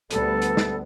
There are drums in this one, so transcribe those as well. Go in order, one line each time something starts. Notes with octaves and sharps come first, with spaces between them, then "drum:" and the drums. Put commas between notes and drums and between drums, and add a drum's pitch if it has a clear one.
D2 G3 B3 A4, drum: hi-hat
drum: hi-hat
drum: snare